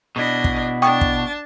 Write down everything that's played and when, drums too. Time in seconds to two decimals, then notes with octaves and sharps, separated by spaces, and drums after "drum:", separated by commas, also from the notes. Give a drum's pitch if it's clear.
0.16 B2 D4 E4 D#5
0.44 drum: kick
0.82 D4 G5 A5 C#6 D#6
1.01 drum: kick